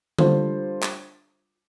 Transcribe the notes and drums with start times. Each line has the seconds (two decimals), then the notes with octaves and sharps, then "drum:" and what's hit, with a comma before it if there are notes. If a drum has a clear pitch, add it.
0.19 G3 D4 F4 A4 C5, drum: tom D3
0.83 drum: clap